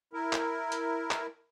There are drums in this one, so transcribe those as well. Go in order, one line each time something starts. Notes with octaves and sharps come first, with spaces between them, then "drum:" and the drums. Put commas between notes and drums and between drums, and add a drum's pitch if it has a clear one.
E4 A#4
drum: clap
drum: hi-hat
drum: clap